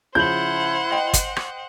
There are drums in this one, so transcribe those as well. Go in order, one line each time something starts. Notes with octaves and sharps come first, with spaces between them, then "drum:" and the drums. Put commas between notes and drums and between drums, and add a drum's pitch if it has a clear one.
C#3 F3 E4 C5 F#5 G6 F#7
D#5 G5
drum: kick, hi-hat
drum: rim click